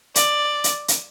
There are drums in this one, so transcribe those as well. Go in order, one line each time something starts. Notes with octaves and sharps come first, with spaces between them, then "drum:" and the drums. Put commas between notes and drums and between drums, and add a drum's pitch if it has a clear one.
D5, drum: hi-hat
drum: hi-hat
drum: hi-hat